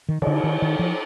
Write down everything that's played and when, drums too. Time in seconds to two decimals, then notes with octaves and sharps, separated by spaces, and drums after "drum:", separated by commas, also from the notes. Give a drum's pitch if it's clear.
0.09 D#3
0.22 D#3, drum: cymbal
0.27 D3
0.44 D#3
0.62 D#3
0.79 F3